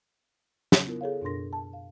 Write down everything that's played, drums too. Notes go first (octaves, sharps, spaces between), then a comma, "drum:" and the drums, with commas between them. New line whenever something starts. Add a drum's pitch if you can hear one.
C#3, drum: snare
B3 E4 F4 A#4
G#4 A4 C#5 F5
F#2 B2 D4 A#4 C6 A#6
A5
F5